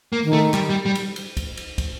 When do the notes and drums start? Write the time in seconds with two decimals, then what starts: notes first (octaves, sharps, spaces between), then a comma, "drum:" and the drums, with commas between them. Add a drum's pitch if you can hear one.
0.13 A#3
0.23 D#3
0.33 A3
0.54 G3, drum: clap
0.70 G3
0.86 G3
0.95 drum: cymbal
1.16 drum: cymbal
1.37 drum: kick, cymbal
1.57 drum: cymbal
1.78 drum: kick, cymbal